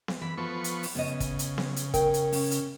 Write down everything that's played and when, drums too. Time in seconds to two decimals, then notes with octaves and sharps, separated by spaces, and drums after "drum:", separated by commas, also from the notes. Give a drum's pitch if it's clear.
0.08 drum: snare B3
0.21 E3 B5
0.38 F3 B3 A4 C#6
0.64 drum: hi-hat
0.83 drum: open hi-hat
0.95 C#3 B3 D#5
1.20 drum: kick, hi-hat
1.39 drum: hi-hat
1.58 drum: snare B3
1.76 drum: hi-hat
1.94 A#4 G5, drum: kick, hi-hat
2.14 drum: hi-hat
2.32 C#4, drum: open hi-hat
2.51 drum: hi-hat